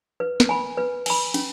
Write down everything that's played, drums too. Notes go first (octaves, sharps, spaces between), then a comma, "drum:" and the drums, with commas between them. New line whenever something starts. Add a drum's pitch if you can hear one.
B4
drum: snare
G#5 B5
B4
G#5 B5, drum: cymbal
C#4, drum: cymbal